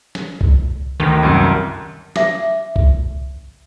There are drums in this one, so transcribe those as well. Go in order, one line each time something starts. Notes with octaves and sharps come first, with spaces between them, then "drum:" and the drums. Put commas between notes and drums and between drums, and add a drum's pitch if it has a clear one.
drum: snare
drum: kick C2
D2 D#3
C2 F#2
E5 D6, drum: snare
drum: kick C2